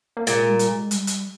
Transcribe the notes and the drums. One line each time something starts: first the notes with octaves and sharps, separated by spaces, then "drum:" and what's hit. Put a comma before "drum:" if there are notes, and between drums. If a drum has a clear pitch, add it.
A#3
A#2 G#3, drum: hi-hat
G3
drum: hi-hat
G#3
G3, drum: hi-hat
drum: hi-hat